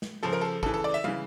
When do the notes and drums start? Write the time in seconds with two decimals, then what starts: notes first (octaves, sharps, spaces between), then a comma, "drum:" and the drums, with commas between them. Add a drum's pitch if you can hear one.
0.02 drum: snare
0.23 C#3 F3 A4
0.33 A#4
0.41 A4
0.63 C#3 E3 A4, drum: kick
0.74 A4
0.84 D5
0.94 E5
1.04 C#3 E3 F5, drum: tom